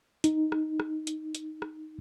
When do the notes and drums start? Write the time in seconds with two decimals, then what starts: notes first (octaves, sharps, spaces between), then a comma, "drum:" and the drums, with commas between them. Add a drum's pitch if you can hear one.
0.24 D#4, drum: hi-hat
0.52 drum: rim click
0.80 drum: rim click
1.07 drum: hi-hat
1.35 drum: hi-hat
1.62 drum: rim click